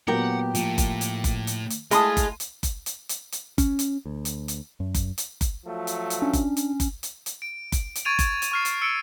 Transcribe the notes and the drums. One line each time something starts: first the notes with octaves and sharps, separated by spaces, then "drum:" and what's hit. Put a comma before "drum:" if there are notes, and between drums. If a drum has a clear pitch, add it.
A#2 F#3 B3 G4 A#4 F#5 G5
A2 F3 A#3, drum: hi-hat
drum: kick F#1, hi-hat
drum: hi-hat
drum: kick F#1, hi-hat
drum: hi-hat
drum: hi-hat
G#3 A3 E4 F4 A5 B5 D#6, drum: hi-hat
drum: kick F#1, hi-hat
drum: hi-hat
drum: kick F#1, hi-hat
drum: hi-hat
drum: hi-hat
drum: hi-hat
C#4, drum: kick F#1, hi-hat
drum: hi-hat
D2
drum: hi-hat
drum: hi-hat
F#2
drum: kick F#1, hi-hat
drum: hi-hat
drum: kick F#1, hi-hat
F3 F#3 A3
drum: hi-hat
drum: hi-hat
C#4 D4
drum: kick F#1, hi-hat
drum: hi-hat
drum: kick F#1, hi-hat
drum: hi-hat
drum: hi-hat
D7
drum: kick F#1, hi-hat
drum: hi-hat
C#6 G#6 A6 D7 D#7 F7
drum: kick F#1, hi-hat
drum: hi-hat
C#6 F6 C7
drum: hi-hat
E6 C#7 D7